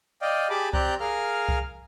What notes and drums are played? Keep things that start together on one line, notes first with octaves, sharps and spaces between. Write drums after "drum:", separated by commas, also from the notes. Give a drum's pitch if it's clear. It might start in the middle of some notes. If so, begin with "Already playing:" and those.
D5 D#5 F5 G5
G4 G#4 A5 B5 D6
C4 G4 D5 A#5 F#6 G6, drum: kick C2
G#4 A#4 F5 F6
drum: kick C2